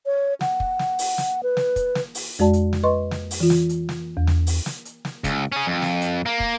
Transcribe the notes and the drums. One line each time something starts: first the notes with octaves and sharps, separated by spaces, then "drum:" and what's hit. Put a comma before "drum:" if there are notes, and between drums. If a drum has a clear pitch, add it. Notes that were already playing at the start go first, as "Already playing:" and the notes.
C#5
F#5, drum: snare
drum: kick
drum: snare
drum: open hi-hat
drum: snare
B4
drum: snare
drum: kick, hi-hat
drum: snare
drum: open hi-hat
F2 G#3 F#4 D5 A5
drum: hi-hat
drum: snare
B4 D#5 C6 C#6
drum: snare
drum: open hi-hat
E3 F4
drum: snare
drum: hi-hat
drum: snare
E2
drum: snare
drum: open hi-hat
drum: snare
drum: hi-hat
drum: snare
C#2, drum: kick, hi-hat
C#4 G#4
F2
drum: snare
drum: hi-hat
A#3
drum: kick